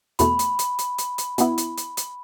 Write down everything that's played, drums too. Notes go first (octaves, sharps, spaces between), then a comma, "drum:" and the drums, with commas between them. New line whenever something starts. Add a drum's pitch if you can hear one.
E2 B2 A3 B5, drum: hi-hat
drum: hi-hat
drum: hi-hat
drum: hi-hat
drum: hi-hat
drum: hi-hat
B2 B3 E4, drum: hi-hat
drum: hi-hat
drum: hi-hat
drum: hi-hat